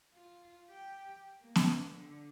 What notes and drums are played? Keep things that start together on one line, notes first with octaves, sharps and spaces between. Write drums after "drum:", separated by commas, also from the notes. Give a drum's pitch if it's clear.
F4
G4 G5
A#3
drum: snare B3
D3